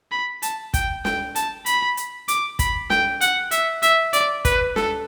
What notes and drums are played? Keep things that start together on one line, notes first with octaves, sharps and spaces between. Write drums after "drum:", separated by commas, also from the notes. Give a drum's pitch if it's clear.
B5
A5, drum: hi-hat
G5, drum: kick, hi-hat
G5, drum: snare
A5, drum: hi-hat
B5, drum: hi-hat
drum: hi-hat
D6, drum: hi-hat
B5, drum: kick, hi-hat
G5, drum: snare
F#5, drum: hi-hat
E5, drum: hi-hat
E5, drum: hi-hat
D5, drum: hi-hat
B4, drum: kick, hi-hat
A4, drum: snare